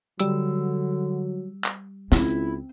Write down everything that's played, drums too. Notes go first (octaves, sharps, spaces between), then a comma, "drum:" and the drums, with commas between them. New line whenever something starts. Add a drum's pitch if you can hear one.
D3 F#3 G3 E6, drum: hi-hat
drum: clap
C#2 C4 E4, drum: snare